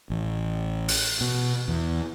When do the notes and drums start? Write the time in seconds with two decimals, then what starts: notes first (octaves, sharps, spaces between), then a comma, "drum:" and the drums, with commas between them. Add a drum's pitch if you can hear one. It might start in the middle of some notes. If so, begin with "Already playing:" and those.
0.10 A1
0.89 drum: open hi-hat
1.21 B2
1.68 E2